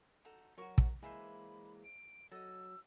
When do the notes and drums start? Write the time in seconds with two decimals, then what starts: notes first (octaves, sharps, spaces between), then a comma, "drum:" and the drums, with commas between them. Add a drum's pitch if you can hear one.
0.25 D#4 F#4 A4
0.58 F#3 F#4 A#4 C#6
0.78 drum: kick
1.03 E3 G#3 A#3 C5 E5 G#5 B5
1.85 D7
2.32 F#3 A4 D#5 E6